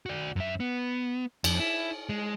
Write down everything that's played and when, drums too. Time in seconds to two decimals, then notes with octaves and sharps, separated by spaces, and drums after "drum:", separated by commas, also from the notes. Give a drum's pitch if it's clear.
0.06 F#4 D5
0.36 F#2 E5
0.60 B3
1.44 F2, drum: cymbal
1.60 E4
2.09 G#3